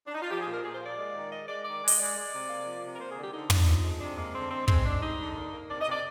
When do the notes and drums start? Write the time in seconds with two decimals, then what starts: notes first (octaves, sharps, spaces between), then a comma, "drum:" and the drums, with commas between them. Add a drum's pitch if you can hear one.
0.07 D4
0.15 D#4
0.22 F4
0.30 F3 G4
0.41 G#4
0.47 A#2
0.53 A#4
0.64 A#2 G#4
0.75 C5
0.81 A#3
0.86 D5
0.98 G#3
1.14 D#3
1.31 G#3 D#5
1.48 G#3 D5
1.65 D#3 D5
1.82 G#3
1.88 D#5, drum: open hi-hat
1.98 G#3 D5
2.15 G#3
2.33 C3
2.49 A#3
2.66 F3
2.82 C3
2.96 A#4
3.00 A#3 C5
3.12 D3 G#4
3.22 G4
3.33 D3 D#4
3.50 D3, drum: tom
3.67 F3
3.84 G#3
4.01 C3 D4
4.17 G#3 A#3
4.34 D3 C4
4.51 G#3 C4
4.68 G#3 C4, drum: kick
4.85 G#3 D4
5.02 G3 D#4
5.19 D3
5.36 A#3
5.53 A#3
5.69 C3 D5
5.81 D#5
5.87 C3
5.92 D5